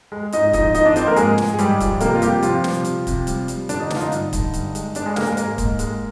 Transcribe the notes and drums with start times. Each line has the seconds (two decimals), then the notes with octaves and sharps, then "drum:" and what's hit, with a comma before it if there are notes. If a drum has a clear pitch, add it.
0.12 G#3
0.32 G#2 D#4 D#5, drum: hi-hat
0.53 F3 D#4 D#5, drum: kick, hi-hat
0.75 F3 D#4 D#5, drum: hi-hat
0.85 D4 D5
0.96 F3 C4 C5, drum: hi-hat
1.07 A#3 A#4
1.16 G#2 G#3 G#4, drum: hi-hat
1.38 G#2, drum: snare
1.54 G#4
1.59 G#2 G3 G4, drum: hi-hat
1.80 F3, drum: kick, hi-hat
2.00 C3 A#3 A#4, drum: hi-hat
2.15 F4
2.22 C3 G3 G4, drum: hi-hat
2.43 C3 F3 F4, drum: hi-hat
2.64 G3, drum: snare
2.85 C3, drum: hi-hat
3.07 C3, drum: kick, hi-hat
3.27 G3, drum: hi-hat
3.48 G3, drum: hi-hat
3.69 D3 D4, drum: hi-hat
3.80 D#4
3.90 D3 D4, drum: snare
3.96 F4
4.00 D#4
4.12 G2, drum: hi-hat
4.33 D3, drum: kick, hi-hat
4.54 G2, drum: hi-hat
4.75 G#3, drum: hi-hat
4.95 G#3 D4, drum: hi-hat
5.06 G#3 G#4
5.16 G#3 A#3 A#4, drum: snare
5.27 G#3 G#4
5.37 G#2 A#3 A#4, drum: hi-hat
5.58 G#2, drum: kick, hi-hat
5.79 G#3, drum: hi-hat